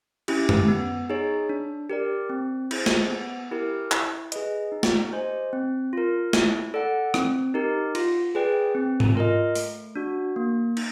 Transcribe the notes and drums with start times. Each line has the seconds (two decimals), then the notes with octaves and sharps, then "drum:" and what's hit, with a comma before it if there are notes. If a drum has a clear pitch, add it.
0.28 C#4 E4 G4, drum: cymbal
0.49 drum: tom
0.68 B3
1.10 D#4 G#4 C#5
1.49 D4
1.90 G4 A#4 D5
2.30 C4
2.71 E4 G#4 C5, drum: cymbal
2.86 drum: snare
3.10 B3
3.51 E4 G4 A#4
3.91 E4, drum: clap
4.32 G#4 B4 D#5, drum: hi-hat
4.72 D#4
4.83 drum: snare
5.12 G4 C5 D#5 G#5
5.53 C4
5.93 F4 A#4
6.33 E4, drum: snare
6.74 A4 D5 F#5
7.14 C4, drum: rim click
7.54 D#4 G4 A#4
7.95 F4, drum: cymbal
8.35 G#4 B4 D5 G5
8.75 C4
9.00 drum: tom G#2
9.15 F4 A#4 D#5
9.55 A3, drum: open hi-hat
9.96 D4 F#4
10.36 A#3
10.77 D#4, drum: cymbal